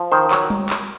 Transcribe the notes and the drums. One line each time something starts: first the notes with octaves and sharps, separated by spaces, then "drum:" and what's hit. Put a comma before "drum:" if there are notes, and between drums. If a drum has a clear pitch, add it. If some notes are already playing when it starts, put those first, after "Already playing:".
Already playing: F3
D#3 C5
F#3 C#5, drum: clap
drum: tom G3
drum: clap